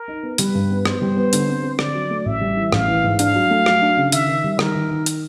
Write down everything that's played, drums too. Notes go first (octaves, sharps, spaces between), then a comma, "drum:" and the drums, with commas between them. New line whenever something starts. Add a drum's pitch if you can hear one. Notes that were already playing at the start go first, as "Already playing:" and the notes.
Already playing: A#4
D#4
B3
G3 B4, drum: hi-hat
G2
B3
B3 C5, drum: rim click
G3
B3
D3, drum: hi-hat
C4
C4
D3 D5, drum: rim click
F#3
A3
A1 E5
G3
E3
A1 F5, drum: rim click
E3
G#2
D4 F5, drum: hi-hat
F#3
A3
F#3, drum: rim click
D4
C#3
D#3 E5, drum: hi-hat
D#3
G3
D#3 A#4, drum: rim click
D#3
D#3
drum: hi-hat